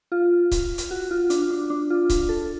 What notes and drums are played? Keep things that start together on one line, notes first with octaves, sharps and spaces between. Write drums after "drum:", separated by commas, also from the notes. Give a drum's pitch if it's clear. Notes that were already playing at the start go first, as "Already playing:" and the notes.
F4
drum: kick C#1, hi-hat
drum: hi-hat
F#4
F4
D4, drum: hi-hat
D4
D4
F4
drum: kick C#1, hi-hat
A4